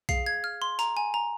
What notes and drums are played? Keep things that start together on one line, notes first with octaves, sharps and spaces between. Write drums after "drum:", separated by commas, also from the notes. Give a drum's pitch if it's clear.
G#4 F5 C7, drum: kick A#1, hi-hat
G#6
F6
C6
A#5, drum: hi-hat
G#5
A#5